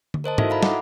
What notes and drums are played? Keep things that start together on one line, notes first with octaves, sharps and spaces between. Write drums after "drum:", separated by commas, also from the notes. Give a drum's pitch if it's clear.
drum: tom D3
A#4 C5 D#5 A5
D#4 E4 F#4 A4 D#5 E5, drum: tom G#2
F5 A#5 B5
F#5 D6, drum: snare